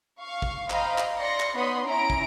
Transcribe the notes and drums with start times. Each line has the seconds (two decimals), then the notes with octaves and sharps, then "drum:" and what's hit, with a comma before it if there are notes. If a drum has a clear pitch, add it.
0.21 F5 C#6
0.42 drum: kick
0.70 C5 D#5 F5 G5 A#5 B5, drum: clap
0.98 drum: clap
1.19 D5 C6 A#6 C#7
1.40 drum: clap
1.55 B3 D#4 C#5 B5 C6 D#6
1.87 C#4 E4 E5 A#5 D7
2.10 drum: kick